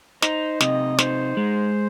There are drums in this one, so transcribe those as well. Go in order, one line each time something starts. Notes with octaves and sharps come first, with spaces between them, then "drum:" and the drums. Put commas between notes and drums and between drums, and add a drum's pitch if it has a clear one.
D#4 C5, drum: snare
C3 D#5, drum: snare
D#4 C5, drum: snare
G#3